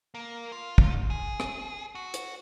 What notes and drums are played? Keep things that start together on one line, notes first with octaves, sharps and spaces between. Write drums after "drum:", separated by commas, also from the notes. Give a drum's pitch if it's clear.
A#3
F4
drum: kick
G#4
drum: rim click
F#4
drum: hi-hat